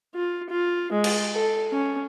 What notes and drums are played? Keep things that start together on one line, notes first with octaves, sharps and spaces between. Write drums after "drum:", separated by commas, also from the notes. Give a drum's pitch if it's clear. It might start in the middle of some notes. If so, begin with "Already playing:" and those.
F4
F4
G#3
drum: cymbal
A4
C#4